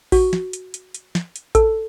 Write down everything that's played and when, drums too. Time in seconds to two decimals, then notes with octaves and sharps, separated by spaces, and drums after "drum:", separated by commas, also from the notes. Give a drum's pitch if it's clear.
0.12 F#4, drum: kick A1, open hi-hat
0.33 drum: snare
0.53 drum: hi-hat
0.74 drum: hi-hat
0.94 drum: hi-hat
1.15 drum: snare
1.36 drum: hi-hat
1.55 A4, drum: kick A1, hi-hat